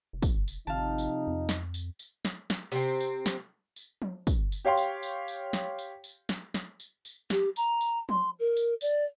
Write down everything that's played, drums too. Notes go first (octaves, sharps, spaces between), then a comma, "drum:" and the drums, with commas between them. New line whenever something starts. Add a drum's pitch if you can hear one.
F1
drum: kick, tambourine
drum: tambourine
G#1 C3 F3 D#4 F5 A5
drum: tambourine
F2
drum: snare
drum: tambourine
drum: tambourine
drum: snare
drum: snare
C3 C4
drum: tambourine
drum: snare
drum: tambourine
drum: tom F3
drum: kick, tambourine
drum: tambourine
G4 C#5 F5 G5 C6
drum: tambourine
drum: tambourine
drum: tambourine
drum: snare
drum: tambourine
drum: tambourine
drum: snare
drum: snare
drum: tambourine
drum: tambourine
G4, drum: snare
A#5, drum: tambourine
drum: tambourine
C6, drum: tom F3
A#4
drum: tambourine
D5, drum: tambourine